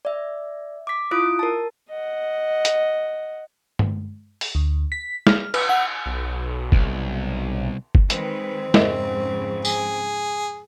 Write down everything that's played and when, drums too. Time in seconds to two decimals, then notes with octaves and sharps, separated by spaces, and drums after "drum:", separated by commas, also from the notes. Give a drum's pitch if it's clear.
0.05 D5 E5
0.87 D6 B6
1.11 E4 F4 D#6 D7
1.39 A#4 A5
1.90 D#5 F#5
2.65 drum: hi-hat
3.79 drum: tom G2
4.41 drum: open hi-hat
4.55 D2
4.92 B6
5.27 F6, drum: snare
5.54 B4, drum: cymbal
5.69 F#5
6.06 B1
6.72 C2, drum: kick G1
7.95 drum: kick G1
8.10 D#3 G#3 C4 B4, drum: hi-hat
8.74 F2 G#2 C#3 A#4 D#5 E5, drum: snare
9.65 G#4, drum: tambourine